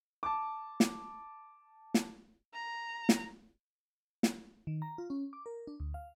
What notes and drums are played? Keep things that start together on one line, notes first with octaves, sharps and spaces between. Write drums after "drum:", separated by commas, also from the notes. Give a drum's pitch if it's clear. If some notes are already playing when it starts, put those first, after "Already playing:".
A5 D6
drum: snare
drum: snare
A#5
drum: snare
drum: snare
D#3
A#5
F4
C#4
D6
A#4
D4
D2
F5